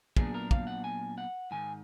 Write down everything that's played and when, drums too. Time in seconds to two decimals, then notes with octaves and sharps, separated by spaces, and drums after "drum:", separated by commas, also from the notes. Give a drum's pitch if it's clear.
0.17 A#2 F#3 B3 D4 G#4, drum: kick
0.34 A#4
0.51 F5, drum: kick
0.67 F#5
0.84 G#5
1.18 F#5
1.51 G#2 D#3 G#5